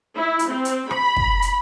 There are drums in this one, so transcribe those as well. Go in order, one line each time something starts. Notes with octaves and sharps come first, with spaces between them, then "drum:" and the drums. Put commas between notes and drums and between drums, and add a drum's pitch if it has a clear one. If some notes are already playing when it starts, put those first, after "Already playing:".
E4
drum: hi-hat
C4
drum: hi-hat
B5, drum: rim click
drum: kick
drum: hi-hat